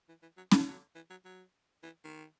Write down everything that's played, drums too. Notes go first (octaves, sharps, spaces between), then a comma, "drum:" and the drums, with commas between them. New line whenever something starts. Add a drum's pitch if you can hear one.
E3
E3
F#3
F#3, drum: snare C#4
F#3
E3
F#3
F#3
E3
D#3